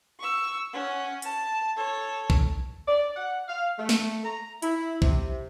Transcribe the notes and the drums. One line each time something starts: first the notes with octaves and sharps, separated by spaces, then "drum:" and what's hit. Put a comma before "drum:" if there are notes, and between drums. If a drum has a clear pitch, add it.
C#6 E6
C#4 F#5
A5, drum: hi-hat
A4 C#5
drum: kick
D5
F#5
F5
A3
drum: snare
A#5
E4, drum: hi-hat
C3, drum: kick